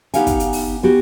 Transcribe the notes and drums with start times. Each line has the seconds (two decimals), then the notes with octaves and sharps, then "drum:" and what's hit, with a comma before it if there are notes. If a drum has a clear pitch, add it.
0.14 B3 D#4 G4 F5 F#5 G#5, drum: hi-hat
0.27 drum: kick, hi-hat
0.40 drum: hi-hat
0.53 drum: open hi-hat
0.83 B3 F#4 G4